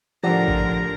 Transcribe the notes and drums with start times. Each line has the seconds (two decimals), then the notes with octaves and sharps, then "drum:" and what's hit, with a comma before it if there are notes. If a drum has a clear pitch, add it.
0.24 A2 D3 F3 G4 A#4 D5 F#5 A#5
0.48 drum: kick A1